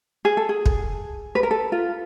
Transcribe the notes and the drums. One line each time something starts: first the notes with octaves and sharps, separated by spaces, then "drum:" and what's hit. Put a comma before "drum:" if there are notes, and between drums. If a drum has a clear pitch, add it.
G#4
A4
G#4
drum: kick
B4
A#4
A4
F4